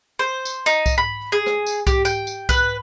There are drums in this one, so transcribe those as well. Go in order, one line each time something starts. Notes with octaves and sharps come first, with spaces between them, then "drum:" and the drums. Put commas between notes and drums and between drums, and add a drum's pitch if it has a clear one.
C5
drum: tambourine
D#4, drum: tambourine
drum: kick C2, tambourine
B5
G#4
drum: rim click
drum: tambourine
G4, drum: kick C2, tambourine
G5, drum: tambourine
drum: tambourine
B4, drum: kick C2, tambourine